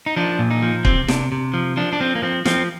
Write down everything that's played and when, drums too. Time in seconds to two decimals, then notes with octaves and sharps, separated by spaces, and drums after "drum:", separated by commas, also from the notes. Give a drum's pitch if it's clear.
0.06 D#4
0.16 F3 D4
0.39 A#2
0.51 D#4
0.62 F3
0.85 C3 C4, drum: kick
1.08 C3 D4, drum: snare
1.32 C3
1.54 F3
1.77 F3 D4
1.93 D4
2.00 F3 C4
2.15 A#3
2.22 F3 C4
2.45 F3 C4, drum: snare